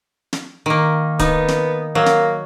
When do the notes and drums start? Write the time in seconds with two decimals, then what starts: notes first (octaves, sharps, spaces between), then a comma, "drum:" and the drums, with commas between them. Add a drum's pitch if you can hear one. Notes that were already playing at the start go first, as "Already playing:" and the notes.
0.33 drum: snare
0.66 D#3 A#3
1.19 B3 D#4, drum: kick D1, hi-hat
1.48 drum: snare
1.95 F#3 A#3
2.06 drum: snare